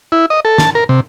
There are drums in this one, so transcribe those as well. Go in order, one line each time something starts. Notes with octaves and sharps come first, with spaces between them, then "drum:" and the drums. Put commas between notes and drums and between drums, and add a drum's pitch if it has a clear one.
E4
D#5
A4
A5, drum: snare
A#4
C3